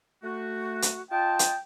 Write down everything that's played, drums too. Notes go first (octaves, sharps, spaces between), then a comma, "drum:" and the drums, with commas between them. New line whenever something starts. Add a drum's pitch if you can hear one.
A3 F#4
drum: hi-hat
F4 D#5 G5 A5
drum: hi-hat